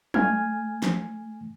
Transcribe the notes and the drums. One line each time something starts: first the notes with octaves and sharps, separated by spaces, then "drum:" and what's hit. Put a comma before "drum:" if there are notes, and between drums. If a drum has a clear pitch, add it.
A3 G#5 F6 G#6, drum: tom
drum: snare